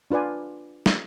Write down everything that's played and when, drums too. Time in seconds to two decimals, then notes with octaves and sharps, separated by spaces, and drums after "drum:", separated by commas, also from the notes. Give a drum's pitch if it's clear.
0.11 D4 F4 B4 D5 G#5
0.86 drum: snare